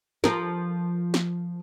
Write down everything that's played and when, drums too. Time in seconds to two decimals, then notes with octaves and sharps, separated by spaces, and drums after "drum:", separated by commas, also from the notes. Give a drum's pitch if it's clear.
0.24 F3 A#4, drum: snare
1.14 drum: snare